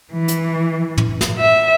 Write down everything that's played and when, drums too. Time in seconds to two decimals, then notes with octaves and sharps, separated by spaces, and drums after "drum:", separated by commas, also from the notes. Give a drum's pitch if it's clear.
0.11 E3
0.28 drum: hi-hat
0.98 drum: tom
1.21 drum: snare
1.38 E5